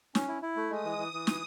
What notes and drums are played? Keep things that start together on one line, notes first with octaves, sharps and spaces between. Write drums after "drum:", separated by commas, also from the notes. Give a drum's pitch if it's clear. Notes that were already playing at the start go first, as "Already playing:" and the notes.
C#4, drum: snare
E4
E4
A3
G#3 D#6
E3
E3
E3
drum: snare